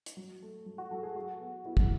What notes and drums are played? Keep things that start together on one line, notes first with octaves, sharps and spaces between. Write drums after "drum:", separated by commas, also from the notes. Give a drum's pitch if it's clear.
drum: hi-hat
F#3
A3
F#3
F#4
F#3 A4
G#4
F#3 F#4
B3
B3 E4
drum: kick